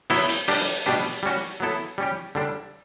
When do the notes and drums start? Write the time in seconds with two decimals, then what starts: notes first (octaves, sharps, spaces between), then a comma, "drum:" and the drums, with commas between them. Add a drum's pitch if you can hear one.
0.10 F#3 B3 E4, drum: cymbal
0.29 drum: hi-hat
0.48 G3 D4 G4, drum: open hi-hat
0.86 B2 G3 D4 G4 B4
1.23 G3 C#4 F#4
1.60 F#3 B3 E4 A4
1.98 G3 C#4 G4
2.35 D3 G3 D4